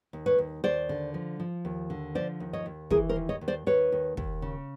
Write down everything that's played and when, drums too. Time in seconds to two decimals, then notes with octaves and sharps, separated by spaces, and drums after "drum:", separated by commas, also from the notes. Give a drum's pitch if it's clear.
0.13 D#2
0.26 B4 C#5
0.38 D#2
0.64 D#2 C5 D5
0.89 D3
1.14 F3
1.40 F3
1.65 D#2
1.90 D3
2.15 F3 C5 D5
2.40 D#2
2.53 C#5 D#5
2.66 D#2
2.91 E3 G#4 A#4, drum: kick
3.09 A#4 C5
3.16 D#2
3.29 C#5 D#5
3.41 D#2
3.48 C5 D5
3.66 D#2 B4 C#5
3.92 D#2
4.17 D#2, drum: kick
4.42 C#3